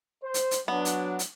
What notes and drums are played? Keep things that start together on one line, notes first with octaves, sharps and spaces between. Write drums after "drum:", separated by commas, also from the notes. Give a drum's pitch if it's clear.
C5
drum: hi-hat
drum: hi-hat
F#3 B3 D4
drum: hi-hat
drum: hi-hat